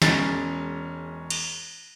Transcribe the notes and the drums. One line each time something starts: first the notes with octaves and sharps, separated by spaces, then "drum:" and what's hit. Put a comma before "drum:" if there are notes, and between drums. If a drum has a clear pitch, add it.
E1 G#3 C#4 A6, drum: snare
drum: cymbal